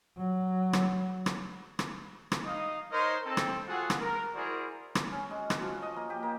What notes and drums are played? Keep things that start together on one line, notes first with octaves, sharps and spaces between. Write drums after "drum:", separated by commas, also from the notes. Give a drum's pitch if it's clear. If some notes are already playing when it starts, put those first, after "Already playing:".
F#3
drum: rim click
drum: rim click
drum: rim click
drum: rim click
D#4 D#5 F5 D#6
D#4 A#4 C5 C#5 D#5
C4 A4
drum: rim click
F4 F#4 G#4 A4 F#5
drum: rim click
A#4
E4 F#4 G#4 A#4 C5 D5
drum: rim click
C#4
G#3
F#4, drum: rim click
F3
D#5
A#3
G4
A#3